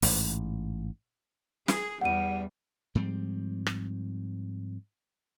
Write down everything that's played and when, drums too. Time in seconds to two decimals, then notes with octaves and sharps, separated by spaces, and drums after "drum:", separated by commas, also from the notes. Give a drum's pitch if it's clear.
0.02 A1 G#2, drum: open hi-hat
1.68 G#4, drum: snare
2.01 E2 G3 F#5 D#7
2.95 G#2 F3 G3 C4
3.67 drum: rim click